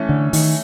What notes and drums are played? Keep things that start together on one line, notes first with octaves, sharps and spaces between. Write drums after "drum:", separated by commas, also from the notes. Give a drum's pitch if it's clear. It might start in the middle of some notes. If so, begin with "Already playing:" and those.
Already playing: E3 A3 C#4
D3
D#3, drum: open hi-hat